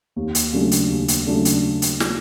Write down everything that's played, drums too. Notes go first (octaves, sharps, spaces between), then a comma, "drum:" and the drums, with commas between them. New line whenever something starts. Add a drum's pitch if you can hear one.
D#2
drum: hi-hat
C#3 F#3 A3 D4
drum: hi-hat
D#2
drum: hi-hat
C#3 F#3 A3 D4
drum: hi-hat
drum: hi-hat
drum: snare